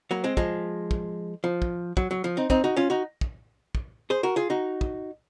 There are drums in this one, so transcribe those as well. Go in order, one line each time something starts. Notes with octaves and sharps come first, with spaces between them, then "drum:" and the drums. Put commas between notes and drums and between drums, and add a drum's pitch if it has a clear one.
F#3 A#3
G#3 C4
F3 G#3, drum: kick
drum: kick
F3
drum: kick
F#3, drum: kick
F#3
F3
C4 D#4
C4 D#4, drum: kick
D#4 F#4
C#4 F4
D#4 F#4
drum: kick
drum: kick
G#4 C5
F#4 A#4
F4 G#4
D#4 F#4
drum: kick